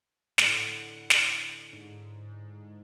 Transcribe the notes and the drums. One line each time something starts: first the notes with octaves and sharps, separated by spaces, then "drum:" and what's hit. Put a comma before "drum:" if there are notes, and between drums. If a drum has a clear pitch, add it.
A2 D3 F#5, drum: snare
drum: snare
G#2